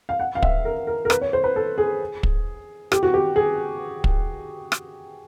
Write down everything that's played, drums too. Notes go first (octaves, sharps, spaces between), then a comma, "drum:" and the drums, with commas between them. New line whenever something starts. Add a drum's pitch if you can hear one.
F5
F#5
F5
E5, drum: kick
A#4
A#4
A#4
B4, drum: rim click
C#5
C5
B4
A4
G#4
drum: kick
G4, drum: rim click
F#4
G4
G#4
drum: kick
drum: rim click